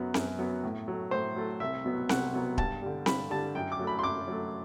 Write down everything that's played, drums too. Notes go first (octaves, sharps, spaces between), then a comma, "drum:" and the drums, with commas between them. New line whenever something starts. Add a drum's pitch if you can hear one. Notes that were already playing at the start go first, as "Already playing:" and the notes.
Already playing: F#2 F#3 B3
F#2, drum: snare C4
F#3 B3
A2
F#3 A3
A2 C5
F#3 A3
C2 E5
B2 F#3 B3
C2 F#5, drum: snare C4
B2 F#3 B3
G2 A5, drum: kick D1
D3 G3
G2 B5, drum: snare C4
D3 G3 A5
F#2 G5
D6
F#3 A3
B5
C6
F#2 D6
F#3 A3